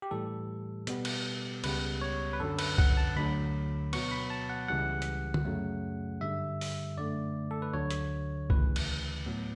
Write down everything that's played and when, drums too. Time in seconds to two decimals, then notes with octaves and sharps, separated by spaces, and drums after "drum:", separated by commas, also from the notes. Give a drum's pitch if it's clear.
0.02 G4
0.11 A2 E3 G3 A4
0.87 B2 G3 B3, drum: hi-hat
1.05 drum: cymbal
1.64 C#2 C#3 G3 B3 B4, drum: cymbal
2.01 C#5
2.33 B4
2.40 F#2 D3 F#3 A4
2.59 B4, drum: cymbal
2.78 F#5, drum: kick C2
2.97 A5
3.16 D2 D3 F#3 B5
3.93 B2 F#3 B3 C#6, drum: cymbal
4.11 B5
4.30 A5
4.49 F#5
4.68 C#2 C#3 E3 G3 F#5
5.02 drum: hi-hat
5.34 drum: tom
5.45 F#2 C#3 F#3 A3
6.21 G2 D3 G3 E5
6.61 drum: open hi-hat
6.97 F#2 D3 A3 D5
7.51 A4
7.62 B4
7.74 D2 D3 F#3 C#5
7.90 drum: hi-hat
8.50 D2 C#3 E3 B4, drum: kick C2
8.76 drum: cymbal
9.26 A2 F#3 B3